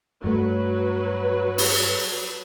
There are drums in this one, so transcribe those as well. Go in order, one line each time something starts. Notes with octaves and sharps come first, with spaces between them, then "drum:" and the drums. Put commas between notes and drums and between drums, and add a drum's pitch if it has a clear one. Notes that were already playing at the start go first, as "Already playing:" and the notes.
G2 F#3 A3 B4
drum: open hi-hat